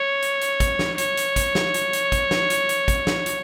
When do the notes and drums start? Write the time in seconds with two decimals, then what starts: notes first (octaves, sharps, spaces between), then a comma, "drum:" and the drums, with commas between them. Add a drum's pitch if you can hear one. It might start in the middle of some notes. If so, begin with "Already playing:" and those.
Already playing: C#5
0.22 drum: hi-hat
0.41 drum: hi-hat
0.60 drum: kick, hi-hat
0.79 drum: snare
0.98 C#5, drum: hi-hat
1.17 drum: hi-hat
1.36 drum: kick, hi-hat
1.55 drum: snare
1.74 drum: hi-hat
1.93 drum: hi-hat
2.12 drum: kick, hi-hat
2.31 drum: snare
2.50 drum: hi-hat
2.69 drum: hi-hat
2.88 drum: kick, hi-hat
3.07 drum: snare
3.26 drum: hi-hat